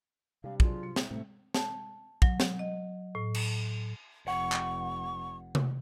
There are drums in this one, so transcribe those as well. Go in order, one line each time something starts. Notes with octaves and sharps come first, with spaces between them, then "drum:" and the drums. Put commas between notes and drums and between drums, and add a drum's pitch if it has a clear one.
C3 G3 D4 F5
F#3 D4 F4 G#4, drum: kick
C#7
C2, drum: snare
A2 C3 A3 C4
A5, drum: snare
F#3, drum: kick
drum: snare
D#5
A2
drum: cymbal
F1 F#5 C#6
drum: clap
drum: tom C3